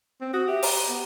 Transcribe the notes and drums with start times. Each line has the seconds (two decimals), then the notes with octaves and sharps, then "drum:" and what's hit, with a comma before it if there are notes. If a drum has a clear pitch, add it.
0.21 C4
0.33 F#4 D#6
0.47 G4 E5
0.63 A#5, drum: open hi-hat
0.89 B3